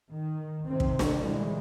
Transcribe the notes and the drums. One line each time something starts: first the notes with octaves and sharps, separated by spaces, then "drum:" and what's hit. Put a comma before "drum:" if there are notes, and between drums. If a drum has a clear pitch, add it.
D#3
C3 D#3 C4
drum: kick
drum: snare
A#2 D3 E3 G3 G#3